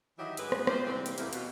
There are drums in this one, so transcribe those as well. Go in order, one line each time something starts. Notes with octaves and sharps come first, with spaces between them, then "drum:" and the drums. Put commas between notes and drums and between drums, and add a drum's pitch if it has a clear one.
D#3 E3 F#3 G4 D#5 E5
D2 G#2 F#3 G#4 B4, drum: hi-hat
drum: rim click
F4 G4 C5, drum: rim click
C3 E3 G3 A#3 C4
drum: hi-hat
E2 A2 C3 A#3, drum: hi-hat
B2, drum: hi-hat